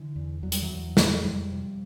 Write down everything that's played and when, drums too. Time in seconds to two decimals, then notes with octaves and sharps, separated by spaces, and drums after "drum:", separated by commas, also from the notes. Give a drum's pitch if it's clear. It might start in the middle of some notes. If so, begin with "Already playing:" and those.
Already playing: D3 E3
0.16 E2
0.43 E2 F#3
0.52 G3, drum: hi-hat
0.62 E3 F#3
0.71 E2
0.97 E2, drum: snare
1.14 F#3
1.24 F2 F3 G3
1.52 C3